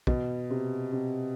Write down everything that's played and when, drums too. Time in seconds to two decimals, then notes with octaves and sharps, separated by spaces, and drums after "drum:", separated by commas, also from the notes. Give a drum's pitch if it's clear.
0.07 B2, drum: kick
0.50 C3
0.92 C3